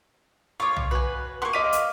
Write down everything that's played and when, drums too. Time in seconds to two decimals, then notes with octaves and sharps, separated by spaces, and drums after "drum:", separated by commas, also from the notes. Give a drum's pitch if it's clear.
0.60 F4 C#5 C#6 D6
0.76 drum: tom
0.91 F#4 B4 G#5
1.42 A#3 B3 C6 C#6
1.53 D#5 F5 D6 B6 D#7
1.73 drum: hi-hat